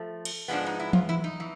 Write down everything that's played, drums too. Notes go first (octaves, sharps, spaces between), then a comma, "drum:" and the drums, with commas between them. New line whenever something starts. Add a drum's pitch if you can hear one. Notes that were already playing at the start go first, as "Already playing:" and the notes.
Already playing: F3 A3
drum: cymbal
G#2 F3 G#3 B3 D4
D#4
E4
F4, drum: tom E3
E4
D#4
E3